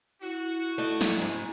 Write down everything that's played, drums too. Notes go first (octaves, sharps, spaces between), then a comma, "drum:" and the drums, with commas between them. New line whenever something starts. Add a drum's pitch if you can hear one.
E4 F#4
A3 D#4 D5
drum: snare
G#2 G#3